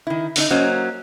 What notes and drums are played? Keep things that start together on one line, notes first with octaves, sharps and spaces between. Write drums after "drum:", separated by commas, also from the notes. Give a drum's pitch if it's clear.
D#3 E4
D3 C#4 D#4, drum: open hi-hat
F#3 A#3 C#4 C5 D#5